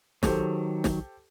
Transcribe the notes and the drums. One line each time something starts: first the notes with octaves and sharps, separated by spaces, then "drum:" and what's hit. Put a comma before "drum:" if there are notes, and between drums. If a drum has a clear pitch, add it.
D#3 F#3 G4 A4 C5, drum: snare
drum: snare